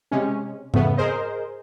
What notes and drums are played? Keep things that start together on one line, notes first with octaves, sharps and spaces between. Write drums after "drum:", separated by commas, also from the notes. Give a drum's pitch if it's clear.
C3 G#3 C#4
F2 C#3 A3 B3, drum: tom G#2
G#4 A#4 C5 D#5